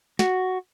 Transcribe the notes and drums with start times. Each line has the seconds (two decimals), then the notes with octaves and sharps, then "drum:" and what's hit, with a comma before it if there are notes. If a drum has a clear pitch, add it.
0.19 F#4, drum: snare